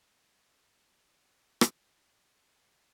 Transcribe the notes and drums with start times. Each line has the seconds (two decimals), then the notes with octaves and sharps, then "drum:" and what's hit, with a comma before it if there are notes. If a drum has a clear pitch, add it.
0.19 B3 D#4 F4 G4 F#5 F#6
0.68 D3 F#3 E4 D5 D#5
1.18 C#4 G4 A4 C#5
1.61 drum: rim click
2.05 D2 G2 F3 D#4 C6 C#6
2.41 A#4 C5